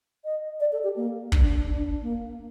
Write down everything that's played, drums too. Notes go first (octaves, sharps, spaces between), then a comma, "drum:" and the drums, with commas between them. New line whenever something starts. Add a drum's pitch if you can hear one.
D#5
D5
A4
G4
A#3
D4, drum: kick
D4
A#3